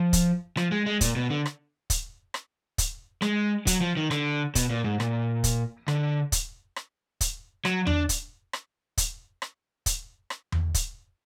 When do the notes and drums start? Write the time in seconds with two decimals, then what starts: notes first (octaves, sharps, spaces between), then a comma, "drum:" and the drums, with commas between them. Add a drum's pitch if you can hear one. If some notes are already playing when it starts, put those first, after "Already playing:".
Already playing: F3
0.13 drum: kick, hi-hat
0.57 F3, drum: rim click
0.72 G#3
0.86 G#3
1.01 A#2, drum: kick, hi-hat
1.16 B2
1.30 D3
1.46 drum: rim click
1.90 drum: kick, hi-hat
2.34 drum: rim click
2.78 drum: kick, hi-hat
3.22 G#3, drum: rim click
3.67 F#3, drum: kick, hi-hat
3.81 F3
3.97 D#3
4.11 D3, drum: rim click
4.55 B2, drum: kick, hi-hat
4.70 A#2
4.84 G#2
5.00 A#2, drum: rim click
5.44 drum: kick, hi-hat
5.88 D3, drum: rim click
6.32 drum: kick, hi-hat
6.76 drum: rim click
7.21 drum: kick, hi-hat
7.65 F#3, drum: rim click
7.87 D4, drum: tom E2
8.09 drum: kick, hi-hat
8.53 drum: rim click
8.98 drum: kick, hi-hat
9.42 drum: rim click
9.86 drum: kick, hi-hat
10.30 drum: rim click
10.52 drum: tom E2
10.74 drum: kick, hi-hat